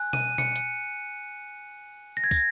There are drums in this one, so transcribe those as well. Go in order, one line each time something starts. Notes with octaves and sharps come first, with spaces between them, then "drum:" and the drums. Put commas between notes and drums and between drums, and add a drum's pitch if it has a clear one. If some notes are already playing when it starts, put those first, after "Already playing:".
Already playing: G#5 F#6
D#7, drum: tom B2
C#7, drum: tom B2
drum: hi-hat
A#6
G#6
A#6, drum: kick